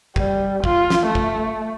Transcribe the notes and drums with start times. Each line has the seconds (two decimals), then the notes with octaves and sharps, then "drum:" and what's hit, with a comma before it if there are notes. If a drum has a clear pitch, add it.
0.16 G3, drum: kick
0.64 F4, drum: kick
0.90 drum: snare
1.06 A3
1.15 drum: kick